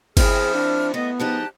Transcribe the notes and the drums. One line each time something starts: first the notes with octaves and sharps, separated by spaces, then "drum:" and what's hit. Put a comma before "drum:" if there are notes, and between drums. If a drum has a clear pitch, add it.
F3 C4 E4 G#4 F6, drum: kick G1, cymbal
D4
A3 B3 D#5
F3 G#3 D#4 G4 A5 F#6